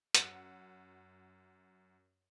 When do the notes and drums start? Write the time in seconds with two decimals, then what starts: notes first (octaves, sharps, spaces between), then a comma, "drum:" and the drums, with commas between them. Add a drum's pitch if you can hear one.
0.15 F#2 F#5, drum: hi-hat